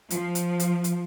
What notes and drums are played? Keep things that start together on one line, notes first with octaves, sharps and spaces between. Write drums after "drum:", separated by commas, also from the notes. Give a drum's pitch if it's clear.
F3, drum: hi-hat
drum: hi-hat
drum: hi-hat
drum: hi-hat